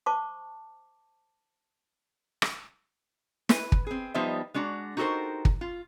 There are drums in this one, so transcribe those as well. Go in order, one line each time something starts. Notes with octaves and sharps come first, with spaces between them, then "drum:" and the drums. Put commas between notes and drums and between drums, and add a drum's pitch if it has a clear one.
C5 A5 C#6 D6
drum: rim click
B4, drum: snare
drum: kick
C4 G#4
F3 G3 B3 D#4 C5 E5
G#3 D4 F#4 A#5
D#4 F#4 G4 A4 A#4 C5
drum: kick
F4